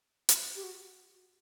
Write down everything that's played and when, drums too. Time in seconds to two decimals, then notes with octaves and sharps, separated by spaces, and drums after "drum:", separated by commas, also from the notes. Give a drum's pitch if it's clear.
0.29 drum: hi-hat
0.55 G4
0.63 F#4